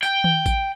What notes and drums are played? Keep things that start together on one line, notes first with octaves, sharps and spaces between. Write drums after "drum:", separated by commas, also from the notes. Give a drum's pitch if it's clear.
G5, drum: tambourine
drum: tom D#3
drum: kick A1, tambourine